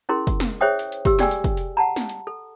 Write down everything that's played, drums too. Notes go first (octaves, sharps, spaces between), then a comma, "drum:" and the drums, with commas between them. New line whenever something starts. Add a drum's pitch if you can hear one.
C#4 E4 G#4 A#4 C6
drum: kick, hi-hat
drum: snare
G#4 C5 C#5 E5 G5 D#6
drum: hi-hat
drum: hi-hat
G4 E6, drum: kick, hi-hat
G#4 A4 D5 G5 G#5 E6, drum: snare
drum: hi-hat
drum: kick, hi-hat
drum: hi-hat
F#5 A5 A#5
drum: snare
drum: hi-hat
A4